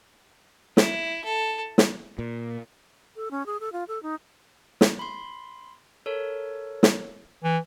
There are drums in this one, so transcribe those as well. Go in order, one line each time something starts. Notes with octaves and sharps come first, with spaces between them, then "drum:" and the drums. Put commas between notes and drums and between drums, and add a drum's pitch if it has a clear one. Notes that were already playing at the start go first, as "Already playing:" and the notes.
E4, drum: snare
A4
drum: snare
A#2
A4
C#4
G#4
A4
F4
A4
D#4
drum: snare
B5 C6
A4 A#4 C#5
drum: snare
E3